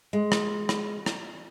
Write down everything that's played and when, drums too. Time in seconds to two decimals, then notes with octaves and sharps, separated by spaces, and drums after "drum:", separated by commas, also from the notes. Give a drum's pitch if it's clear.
0.13 G#3
0.32 drum: rim click
0.69 drum: rim click
1.06 drum: rim click